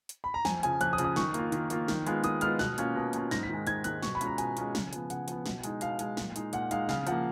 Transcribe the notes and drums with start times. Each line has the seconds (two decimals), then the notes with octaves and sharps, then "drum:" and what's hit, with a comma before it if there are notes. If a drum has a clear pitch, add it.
0.09 drum: hi-hat
0.24 B5
0.34 A#5
0.45 F2 G#5, drum: snare
0.63 C#3 F3 G#5, drum: hi-hat
0.81 F2 F#6, drum: hi-hat
0.93 D#6
0.98 C#3 F3, drum: hi-hat
1.04 D#6
1.16 D#3 C#6, drum: snare
1.34 A#3 F4, drum: hi-hat
1.52 D#3, drum: hi-hat
1.70 A#3 F4, drum: hi-hat
1.88 D#3, drum: snare
2.07 G#3 B3 F4, drum: hi-hat
2.24 D#3 D#6, drum: hi-hat
2.41 G#3 B3 F4 F6, drum: hi-hat
2.59 B2 F#6, drum: snare
2.78 A#3 C#4 F4, drum: hi-hat
2.95 B2
3.13 A#3 C#4 F4, drum: hi-hat
3.31 G#2 A#6, drum: snare
3.43 B6
3.49 D#3 G#3
3.67 G#2 G#6, drum: hi-hat
3.84 D#3 G#3 F#6, drum: hi-hat
4.03 B2 C#6, drum: snare
4.15 B5
4.21 G#3 C#4 F4, drum: hi-hat
4.27 A#5
4.38 B2 G#5, drum: hi-hat
4.57 G#3 C#4 F4, drum: hi-hat
4.75 C#3, drum: snare
4.93 F3 B3, drum: hi-hat
5.10 C#3 F#5, drum: hi-hat
5.28 F3 B3, drum: hi-hat
5.46 B2, drum: snare
5.63 G#3 D#4, drum: hi-hat
5.81 B2 F5, drum: hi-hat
5.99 G#3 D#4, drum: hi-hat
6.17 A#2, drum: snare
6.36 G#3 D#4, drum: hi-hat
6.53 A#2 F#5, drum: hi-hat
6.71 G#3 D#4 F5, drum: hi-hat
6.89 C#3 F5, drum: snare
7.07 F3 A#3 F#5, drum: hi-hat